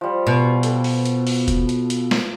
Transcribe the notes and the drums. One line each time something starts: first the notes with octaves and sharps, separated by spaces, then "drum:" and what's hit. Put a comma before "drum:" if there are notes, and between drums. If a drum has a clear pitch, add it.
F3 G3
B2
A4, drum: hi-hat
drum: open hi-hat
drum: hi-hat
drum: open hi-hat
drum: kick F1, hi-hat
drum: hi-hat
drum: hi-hat
drum: snare